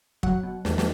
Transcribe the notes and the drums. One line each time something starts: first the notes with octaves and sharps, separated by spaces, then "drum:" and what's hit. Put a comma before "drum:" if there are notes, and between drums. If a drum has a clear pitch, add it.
F#3 F#5, drum: kick
B2
E2, drum: snare
drum: snare